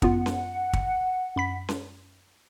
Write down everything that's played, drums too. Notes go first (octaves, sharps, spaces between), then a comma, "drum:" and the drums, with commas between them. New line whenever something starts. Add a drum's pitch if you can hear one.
F#2 B3 F4 F#5, drum: kick
drum: snare C#4
drum: kick
F#2 B5 B6
drum: snare C#4